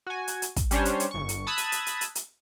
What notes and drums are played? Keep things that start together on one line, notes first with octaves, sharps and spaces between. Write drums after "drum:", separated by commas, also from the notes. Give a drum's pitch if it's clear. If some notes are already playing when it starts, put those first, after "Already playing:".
F#4 G#5
drum: hi-hat
drum: hi-hat
drum: kick, hi-hat
G3 C#4 D4 C5 C#5, drum: hi-hat
drum: hi-hat
drum: hi-hat
G1 C#6
drum: hi-hat
A5 B5 D#6 E6 F#6 G#6
drum: hi-hat
drum: hi-hat
drum: hi-hat
drum: hi-hat
drum: hi-hat